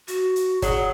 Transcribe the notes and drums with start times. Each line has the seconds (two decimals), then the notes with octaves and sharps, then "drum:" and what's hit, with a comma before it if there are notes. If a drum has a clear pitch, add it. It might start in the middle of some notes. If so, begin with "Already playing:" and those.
0.08 F#4, drum: hi-hat
0.36 drum: hi-hat
0.62 F#3 G#4, drum: kick, hi-hat